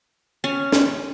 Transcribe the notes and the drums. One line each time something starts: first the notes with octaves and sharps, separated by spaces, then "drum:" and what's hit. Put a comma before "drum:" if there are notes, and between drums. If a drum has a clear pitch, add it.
C#4
drum: snare